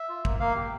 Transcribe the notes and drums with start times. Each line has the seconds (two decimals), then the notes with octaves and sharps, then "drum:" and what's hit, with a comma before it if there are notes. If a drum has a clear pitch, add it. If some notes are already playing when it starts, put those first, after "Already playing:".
Already playing: E5
0.09 F4
0.25 A#3, drum: kick
0.40 A#3 F5
0.56 G4